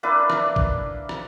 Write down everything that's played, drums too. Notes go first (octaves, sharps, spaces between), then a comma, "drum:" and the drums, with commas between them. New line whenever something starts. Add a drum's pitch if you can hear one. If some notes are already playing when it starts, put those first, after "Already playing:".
A#3 D4 E4 B4
drum: rim click
drum: kick
drum: rim click